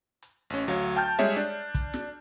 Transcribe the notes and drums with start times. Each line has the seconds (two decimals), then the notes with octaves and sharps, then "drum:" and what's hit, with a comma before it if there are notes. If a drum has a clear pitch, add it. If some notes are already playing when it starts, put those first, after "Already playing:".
0.22 drum: hi-hat
0.50 A1 C#4
0.68 D2 F#3 C#5 F5
0.96 G5 A5 F6 G6, drum: hi-hat
1.19 G3 G#3 G#4 C#5 E5, drum: snare
1.37 D4, drum: hi-hat
1.75 drum: kick, hi-hat
1.94 drum: snare